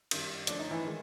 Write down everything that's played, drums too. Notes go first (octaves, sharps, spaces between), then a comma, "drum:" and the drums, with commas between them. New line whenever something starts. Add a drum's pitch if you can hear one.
F#2 D#3 G3, drum: cymbal
D3 F3 A3 C#4 D4, drum: hi-hat
D#4
E3 E4
D#3 G#3